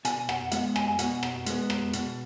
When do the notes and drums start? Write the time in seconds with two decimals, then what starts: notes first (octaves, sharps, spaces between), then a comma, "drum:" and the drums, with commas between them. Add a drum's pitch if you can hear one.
0.05 B2 G#5, drum: hi-hat
0.29 F#5, drum: rim click
0.51 G#3 B3 F#5, drum: hi-hat
0.76 G#5, drum: rim click
0.88 G#5
0.99 B2 F#5, drum: hi-hat
1.23 drum: rim click
1.46 G#3 B3, drum: hi-hat
1.70 drum: rim click
1.93 B2, drum: hi-hat